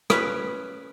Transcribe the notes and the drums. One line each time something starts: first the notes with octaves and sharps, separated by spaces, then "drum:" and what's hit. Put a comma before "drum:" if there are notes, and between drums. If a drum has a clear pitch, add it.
C#4 B4, drum: rim click